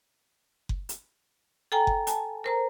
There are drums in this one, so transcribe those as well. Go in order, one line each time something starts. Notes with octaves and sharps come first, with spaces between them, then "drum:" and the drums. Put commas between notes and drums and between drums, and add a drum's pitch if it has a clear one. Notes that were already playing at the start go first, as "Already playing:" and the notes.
drum: kick F#1
drum: hi-hat
A4 G5 G#5 A#5
drum: kick F#1
G#5 A5, drum: hi-hat
A#4 C5 A#5